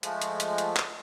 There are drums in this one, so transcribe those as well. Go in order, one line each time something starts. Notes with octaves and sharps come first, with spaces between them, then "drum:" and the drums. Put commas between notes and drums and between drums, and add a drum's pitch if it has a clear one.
F3 G#3 A3, drum: hi-hat
drum: hi-hat
drum: hi-hat
drum: hi-hat
drum: clap